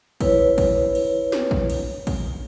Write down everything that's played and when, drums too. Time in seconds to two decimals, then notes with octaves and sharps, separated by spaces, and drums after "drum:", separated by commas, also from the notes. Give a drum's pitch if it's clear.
0.21 E4 B4 C#5, drum: kick A1, cymbal
0.58 drum: kick A1, cymbal
0.95 drum: cymbal
1.32 drum: snare
1.51 drum: kick A1
1.70 drum: cymbal
2.07 drum: kick A1, cymbal